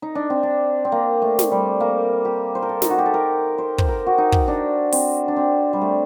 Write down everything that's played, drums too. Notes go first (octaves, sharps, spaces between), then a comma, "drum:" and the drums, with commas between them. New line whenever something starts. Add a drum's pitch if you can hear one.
D#4
D4
C4
D4
C4
A#3
A3
drum: snare
G3
A#3
G4
C5
A#4
A4
D#4, drum: snare
F#4
G4
A4
A#4
C5
C5, drum: kick
A#4
F#4
D#4
drum: kick
D4
C4, drum: open hi-hat
D4
C4
G3
A3